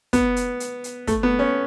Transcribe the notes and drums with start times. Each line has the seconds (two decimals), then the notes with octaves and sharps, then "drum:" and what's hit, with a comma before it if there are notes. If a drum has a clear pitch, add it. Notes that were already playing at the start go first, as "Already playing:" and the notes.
0.13 B3, drum: kick, hi-hat
0.36 drum: hi-hat
0.60 drum: hi-hat
0.84 drum: hi-hat
1.07 A3, drum: kick, hi-hat
1.23 B3
1.39 C#4